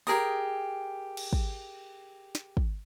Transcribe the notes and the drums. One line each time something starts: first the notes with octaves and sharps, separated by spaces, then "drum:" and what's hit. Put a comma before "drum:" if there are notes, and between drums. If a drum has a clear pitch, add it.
G4 G#4 A#4 D#6, drum: open hi-hat
drum: cymbal
drum: kick
drum: snare
drum: kick